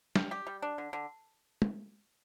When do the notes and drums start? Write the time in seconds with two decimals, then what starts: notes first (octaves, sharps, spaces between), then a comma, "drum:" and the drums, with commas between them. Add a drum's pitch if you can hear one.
0.16 G3, drum: snare
0.31 G4
0.47 G3
0.62 D4
0.78 D3
0.93 D3
1.62 drum: tom